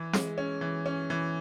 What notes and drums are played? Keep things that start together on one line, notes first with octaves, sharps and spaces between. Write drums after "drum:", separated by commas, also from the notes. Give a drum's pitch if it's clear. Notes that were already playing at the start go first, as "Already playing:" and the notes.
Already playing: E3
G#3, drum: snare
C#4
E3
C#4
E3